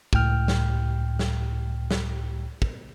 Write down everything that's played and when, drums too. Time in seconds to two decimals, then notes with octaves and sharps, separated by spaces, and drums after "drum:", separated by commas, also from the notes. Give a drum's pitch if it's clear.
0.13 C#2 A2 G5 F6, drum: kick
0.48 drum: snare
1.19 drum: snare
1.91 drum: snare
2.62 drum: kick